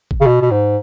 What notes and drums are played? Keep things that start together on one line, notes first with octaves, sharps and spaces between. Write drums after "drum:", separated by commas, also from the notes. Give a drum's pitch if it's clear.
drum: kick G1
C#3
B2
B2
G#2